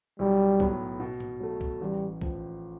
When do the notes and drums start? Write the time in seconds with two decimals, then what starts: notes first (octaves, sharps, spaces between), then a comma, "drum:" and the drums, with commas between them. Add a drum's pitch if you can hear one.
0.19 B1 G3
0.60 A2 F#3 B3, drum: kick B1
1.00 B2
1.20 drum: tom
1.40 F#3 A3
1.61 drum: kick B1
1.81 A1 G3
2.21 A2 F3, drum: kick B1